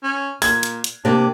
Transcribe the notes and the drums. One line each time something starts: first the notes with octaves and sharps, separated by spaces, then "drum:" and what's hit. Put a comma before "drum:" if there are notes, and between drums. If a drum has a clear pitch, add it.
C#4
A#2 G#6, drum: open hi-hat
drum: hi-hat
drum: hi-hat
C3 A#3 D4